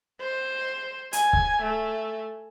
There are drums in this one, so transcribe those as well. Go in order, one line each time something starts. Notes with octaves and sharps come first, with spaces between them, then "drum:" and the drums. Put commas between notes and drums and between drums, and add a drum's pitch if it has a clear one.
C5
G#5, drum: hi-hat
drum: kick C#1
A3